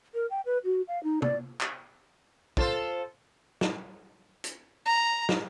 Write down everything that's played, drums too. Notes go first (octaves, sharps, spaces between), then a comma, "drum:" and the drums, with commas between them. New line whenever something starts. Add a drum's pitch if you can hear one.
A#4
G5
B4
F#4
F5
D#4
D5, drum: tom
drum: clap
F4 A4 C5, drum: kick
drum: snare
drum: hi-hat
A#5
drum: snare